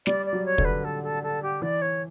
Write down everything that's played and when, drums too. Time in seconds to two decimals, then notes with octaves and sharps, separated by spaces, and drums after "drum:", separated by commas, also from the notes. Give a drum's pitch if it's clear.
0.06 G3 D5, drum: snare
0.26 D5
0.33 F#3
0.45 C#5
0.58 D3, drum: kick
0.65 B4
0.84 A4
1.03 A4
1.23 A4
1.42 G4
1.62 E3 D5
1.81 C#5